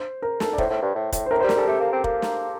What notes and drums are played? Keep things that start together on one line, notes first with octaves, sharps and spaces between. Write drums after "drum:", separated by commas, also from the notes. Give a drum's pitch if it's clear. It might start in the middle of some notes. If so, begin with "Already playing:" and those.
Already playing: C5
A#4
A4, drum: snare
D5
A2 C5, drum: kick
A2
G2
A2
A2, drum: kick, hi-hat
C5
A2 A#4
C5
G3
A#4, drum: snare
G3 A4
A3 G4
A#3
C4
A#3, drum: kick
drum: snare